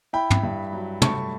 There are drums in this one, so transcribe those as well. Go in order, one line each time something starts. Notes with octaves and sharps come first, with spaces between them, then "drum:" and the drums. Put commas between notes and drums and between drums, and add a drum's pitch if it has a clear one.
E4 G5 B5
drum: tom
G2
F#3
A3 A5 C#6, drum: tom